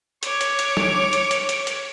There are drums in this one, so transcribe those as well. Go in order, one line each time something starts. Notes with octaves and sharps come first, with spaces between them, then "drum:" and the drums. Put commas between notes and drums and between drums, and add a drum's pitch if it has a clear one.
C#5 D6, drum: hi-hat
drum: hi-hat
drum: hi-hat
drum: snare
drum: hi-hat
drum: hi-hat
drum: hi-hat
drum: hi-hat